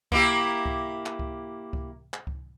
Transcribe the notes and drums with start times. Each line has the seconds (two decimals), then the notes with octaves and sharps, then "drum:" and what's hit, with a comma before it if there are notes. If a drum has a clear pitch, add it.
0.12 A#3 E4 G4, drum: kick C#2
0.66 drum: kick C#2
1.06 drum: clap
1.19 drum: kick C#2
1.73 drum: kick C#2
2.14 drum: clap
2.27 drum: kick C#2